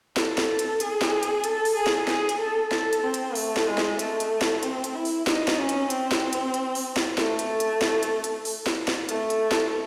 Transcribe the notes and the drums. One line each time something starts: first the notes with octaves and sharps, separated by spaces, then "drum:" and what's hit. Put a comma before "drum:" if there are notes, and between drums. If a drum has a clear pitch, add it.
A4, drum: snare
drum: snare
drum: hi-hat
G#4, drum: hi-hat
drum: snare
drum: hi-hat
A4, drum: hi-hat
drum: open hi-hat
G#4
drum: snare
G#4, drum: snare
drum: hi-hat
A4
A4, drum: snare
drum: hi-hat
C4
drum: hi-hat
A3, drum: open hi-hat
drum: snare
G#3
drum: snare
A3, drum: hi-hat
drum: hi-hat
drum: snare
C4, drum: hi-hat
drum: hi-hat
E4
drum: open hi-hat
D#4, drum: snare
drum: snare
C#4
drum: hi-hat
C4, drum: hi-hat
drum: snare
drum: hi-hat
drum: hi-hat
drum: open hi-hat
drum: snare
A3, drum: snare
drum: hi-hat
drum: hi-hat
drum: snare
drum: hi-hat
drum: hi-hat
drum: open hi-hat
drum: snare
drum: snare
A3, drum: hi-hat
drum: hi-hat
drum: snare